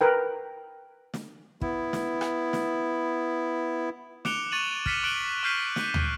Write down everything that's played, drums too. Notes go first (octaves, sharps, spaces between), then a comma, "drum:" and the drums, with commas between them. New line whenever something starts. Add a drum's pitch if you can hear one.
A#4 B4 G5
drum: snare
B3 E4, drum: kick
drum: snare
drum: rim click
drum: snare
D6 F#6 C#7 D7 F7 G7, drum: snare
C#6 A6 D#7 E7 F#7
F6 A6 B6 C#7 E7 G7, drum: kick
D6 F#6 D7 D#7 F#7 G7
C#6 F6 G6 B6 C7 D#7
F#6, drum: snare
drum: tom D2